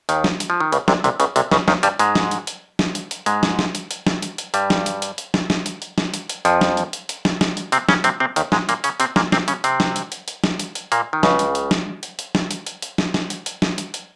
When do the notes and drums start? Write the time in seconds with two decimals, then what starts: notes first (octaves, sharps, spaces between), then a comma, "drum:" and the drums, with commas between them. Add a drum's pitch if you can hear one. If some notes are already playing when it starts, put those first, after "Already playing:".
0.09 D#2 D#3, drum: hi-hat
0.24 drum: snare
0.40 drum: hi-hat
0.50 F3
0.60 D#3
0.72 C#2 C#3, drum: hi-hat
0.88 C2 C3, drum: snare
1.04 C2 C3, drum: hi-hat
1.20 C#2 C#3, drum: hi-hat
1.36 C2 C3, drum: hi-hat
1.51 C#2 C#3, drum: snare
1.68 D#2 D#3, drum: snare
1.83 G2 G3, drum: hi-hat
1.99 G#2 G#3, drum: hi-hat
2.15 drum: snare
2.31 drum: hi-hat
2.47 drum: hi-hat
2.79 drum: snare
2.95 drum: hi-hat
3.11 drum: hi-hat
3.26 G#2 G#3, drum: hi-hat
3.43 drum: snare
3.59 drum: snare
3.75 drum: hi-hat
3.91 drum: hi-hat
4.07 drum: snare
4.22 drum: hi-hat
4.38 drum: hi-hat
4.54 G2 G3, drum: hi-hat
4.70 drum: snare
4.86 drum: hi-hat
5.02 drum: hi-hat
5.18 drum: hi-hat
5.34 drum: snare
5.50 drum: snare
5.66 drum: hi-hat
5.82 drum: hi-hat
5.98 drum: snare
6.14 drum: hi-hat
6.29 drum: hi-hat
6.45 F2 F3, drum: hi-hat
6.61 drum: snare
6.77 drum: hi-hat
6.93 drum: hi-hat
7.09 drum: hi-hat
7.25 drum: snare
7.41 drum: snare
7.57 drum: hi-hat
7.72 C3 C4, drum: hi-hat
7.89 C#3 C#4, drum: snare
8.04 C3 C4, drum: hi-hat
8.20 C3 C4
8.36 D#2 D#3, drum: hi-hat
8.52 G#2 G#3, drum: snare
8.69 A#2 A#3, drum: hi-hat
8.84 C#3 C#4, drum: hi-hat
9.00 C3 C4, drum: hi-hat
9.16 A#2 A#3, drum: snare
9.32 C3 C4, drum: snare
9.48 C#3 C#4, drum: hi-hat
9.64 C3 C4, drum: hi-hat
9.80 drum: snare
9.96 drum: hi-hat
10.12 drum: hi-hat
10.28 drum: hi-hat
10.44 drum: snare
10.59 drum: hi-hat
10.75 drum: hi-hat
10.92 A#2 A#3, drum: hi-hat
11.13 D#3
11.23 C#2 C#3, drum: snare
11.39 drum: hi-hat
11.55 drum: hi-hat
11.71 drum: snare
12.03 drum: hi-hat
12.19 drum: hi-hat
12.35 drum: snare
12.51 drum: hi-hat
12.67 drum: hi-hat
12.82 drum: hi-hat
12.98 drum: snare
13.14 drum: snare
13.30 drum: hi-hat
13.46 drum: hi-hat
13.62 drum: snare
13.78 drum: hi-hat
13.94 drum: hi-hat